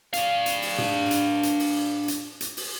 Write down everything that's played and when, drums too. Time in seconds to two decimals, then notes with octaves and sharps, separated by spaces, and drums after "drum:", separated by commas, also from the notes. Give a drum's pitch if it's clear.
0.13 D4 F5, drum: hi-hat
0.46 drum: hi-hat
0.62 drum: open hi-hat
0.78 drum: tom G#2
1.11 drum: hi-hat
1.43 drum: hi-hat
1.59 drum: open hi-hat
2.08 drum: hi-hat
2.41 drum: hi-hat
2.57 drum: open hi-hat